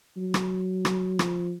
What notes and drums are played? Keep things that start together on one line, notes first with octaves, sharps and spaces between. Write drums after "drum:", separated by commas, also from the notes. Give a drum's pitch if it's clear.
F#3
drum: rim click
drum: rim click
F3, drum: rim click